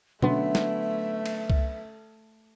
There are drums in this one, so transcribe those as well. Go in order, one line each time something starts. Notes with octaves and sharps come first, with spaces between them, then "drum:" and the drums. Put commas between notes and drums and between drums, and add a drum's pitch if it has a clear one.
D3 F#3 A3 B3 C#4 E5 C6, drum: tom
drum: snare
drum: cymbal
drum: kick C2